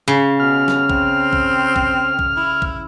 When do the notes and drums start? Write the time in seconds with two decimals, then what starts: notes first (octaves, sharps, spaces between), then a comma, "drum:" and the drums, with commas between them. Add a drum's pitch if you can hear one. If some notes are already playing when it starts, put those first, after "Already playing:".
0.08 C#3
0.40 B2 F6
0.68 drum: snare
0.90 C4, drum: kick A#1
1.33 drum: kick A#1
1.76 drum: kick A#1
2.19 drum: kick A#1
2.36 E4
2.62 drum: kick A#1